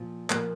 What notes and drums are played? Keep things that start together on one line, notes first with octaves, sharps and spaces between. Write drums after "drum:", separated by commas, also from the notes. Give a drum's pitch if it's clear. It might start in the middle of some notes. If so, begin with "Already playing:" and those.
Already playing: A#2 F3
A#2 F3 A#3, drum: clap